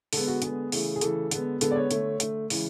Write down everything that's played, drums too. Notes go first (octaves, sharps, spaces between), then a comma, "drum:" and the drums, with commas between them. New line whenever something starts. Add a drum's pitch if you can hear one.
D3 G#3 B3 A4, drum: open hi-hat
F#4
D3 G#3 B3 G#4, drum: hi-hat
C#3 E3 A3, drum: open hi-hat
G#4
C#3 E3 A3 A4, drum: hi-hat
D3 G#3 B3, drum: hi-hat
D3 G#3 B3 A4, drum: hi-hat
D5
C#5
D3 A3, drum: hi-hat
D3 A3, drum: hi-hat
C#3 E3 G#3, drum: open hi-hat